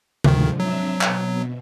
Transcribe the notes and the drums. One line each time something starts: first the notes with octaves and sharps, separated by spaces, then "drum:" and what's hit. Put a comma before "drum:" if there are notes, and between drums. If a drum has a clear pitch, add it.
D2 G#2 D3 D#3 F3, drum: tom C3
F#3 C4 D4 E5
B2, drum: clap